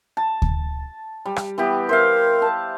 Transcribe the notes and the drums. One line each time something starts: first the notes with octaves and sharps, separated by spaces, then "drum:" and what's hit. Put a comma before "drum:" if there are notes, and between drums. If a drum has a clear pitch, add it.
A5
drum: kick D2
G3
drum: rim click
E3 B3 G4
A#4 C5 E5 F5
A5